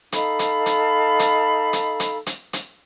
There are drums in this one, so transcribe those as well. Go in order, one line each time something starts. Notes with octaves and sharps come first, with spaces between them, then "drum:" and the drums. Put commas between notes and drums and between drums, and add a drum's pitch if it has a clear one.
D#4 A4 F5 B5, drum: hi-hat
drum: hi-hat
drum: hi-hat
drum: hi-hat
drum: hi-hat
drum: hi-hat
drum: hi-hat
drum: hi-hat